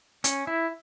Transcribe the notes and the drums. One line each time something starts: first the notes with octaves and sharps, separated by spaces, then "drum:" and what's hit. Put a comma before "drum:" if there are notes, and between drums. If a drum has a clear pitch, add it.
C#4, drum: hi-hat
E4